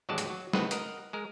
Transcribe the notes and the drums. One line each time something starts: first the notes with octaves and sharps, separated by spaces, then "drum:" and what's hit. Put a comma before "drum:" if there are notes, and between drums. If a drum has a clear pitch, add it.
A1 D#2 F#3 G#3 D5 A5
drum: hi-hat
F#3
C#2 A2 C4 B4 D#5 F#5, drum: snare G3
A#4 D#5 F#5, drum: hi-hat
G#3 A#4